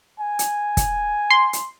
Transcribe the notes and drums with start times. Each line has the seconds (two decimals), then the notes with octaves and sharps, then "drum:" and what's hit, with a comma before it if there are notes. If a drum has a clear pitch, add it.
0.20 G#5
0.39 drum: hi-hat
0.77 drum: kick, hi-hat
1.31 C6
1.53 drum: hi-hat